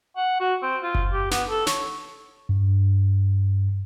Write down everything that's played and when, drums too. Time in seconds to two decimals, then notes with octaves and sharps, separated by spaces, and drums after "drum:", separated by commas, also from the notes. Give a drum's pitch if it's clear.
0.16 F#5
0.40 F#4
0.62 C4
0.83 F4
0.95 drum: kick F#1
1.12 G4
1.31 B3, drum: snare
1.49 A4
1.67 C#5, drum: snare
2.49 G2